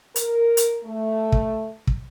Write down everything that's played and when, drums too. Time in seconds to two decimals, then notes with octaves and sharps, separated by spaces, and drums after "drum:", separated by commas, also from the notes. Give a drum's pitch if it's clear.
0.16 A#4, drum: hi-hat
0.57 drum: hi-hat
0.84 A3
1.32 drum: kick
1.87 drum: kick